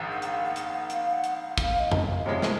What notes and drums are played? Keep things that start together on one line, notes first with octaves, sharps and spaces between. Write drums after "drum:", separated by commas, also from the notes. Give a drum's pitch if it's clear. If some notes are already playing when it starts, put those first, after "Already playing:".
Already playing: A#1 G#2 D#3
F#5
F5, drum: hi-hat
F#5
drum: hi-hat
F5
F5, drum: hi-hat
F#5
drum: hi-hat
F5
F5, drum: kick, hi-hat
D#5
drum: tom F2
F5
C3 F3 G#3 C#5
drum: snare